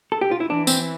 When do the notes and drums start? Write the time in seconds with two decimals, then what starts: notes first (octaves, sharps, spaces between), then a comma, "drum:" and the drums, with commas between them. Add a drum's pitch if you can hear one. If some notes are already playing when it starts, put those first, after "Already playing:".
0.12 A4
0.21 G4
0.31 F4
0.40 E4
0.50 E3 D4
0.67 C4, drum: tambourine